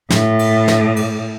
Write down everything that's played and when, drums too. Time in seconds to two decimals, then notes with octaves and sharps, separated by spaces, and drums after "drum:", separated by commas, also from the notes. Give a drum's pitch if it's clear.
0.10 A2, drum: snare
0.39 drum: cymbal
0.68 drum: snare
0.96 drum: cymbal